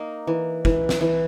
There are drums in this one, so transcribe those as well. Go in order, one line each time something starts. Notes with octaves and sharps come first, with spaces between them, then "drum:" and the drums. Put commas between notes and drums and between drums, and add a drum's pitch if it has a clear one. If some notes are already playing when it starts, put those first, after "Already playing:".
Already playing: A#3 D#4
E3
E3, drum: kick
drum: snare
E3